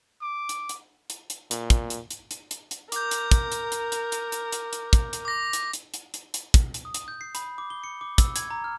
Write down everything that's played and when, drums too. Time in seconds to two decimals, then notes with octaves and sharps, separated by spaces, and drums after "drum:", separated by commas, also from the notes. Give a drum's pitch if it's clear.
0.22 D6
0.49 drum: hi-hat
0.69 drum: hi-hat
1.10 drum: hi-hat
1.30 drum: hi-hat
1.51 A#2, drum: hi-hat
1.70 drum: kick, hi-hat
1.90 drum: hi-hat
2.11 drum: hi-hat
2.31 drum: hi-hat
2.51 drum: hi-hat
2.71 drum: hi-hat
2.92 A#4 D6 G6, drum: hi-hat
3.11 drum: hi-hat
3.31 drum: kick, hi-hat
3.52 drum: hi-hat
3.72 drum: hi-hat
3.92 drum: hi-hat
4.12 drum: hi-hat
4.32 drum: hi-hat
4.52 drum: hi-hat
4.73 drum: hi-hat
4.93 drum: kick, hi-hat
5.13 drum: hi-hat
5.25 D6 A#6
5.53 drum: hi-hat
5.73 drum: hi-hat
5.94 drum: hi-hat
6.14 drum: hi-hat
6.34 drum: hi-hat
6.54 drum: kick, hi-hat
6.74 drum: hi-hat
6.85 D#6
6.94 drum: hi-hat
7.08 G6
7.21 C7
7.35 B5, drum: hi-hat
7.58 D6
7.70 G7
7.84 C#7
8.01 D6
8.18 E6, drum: kick, hi-hat
8.36 G#6, drum: hi-hat
8.50 A#5
8.64 F6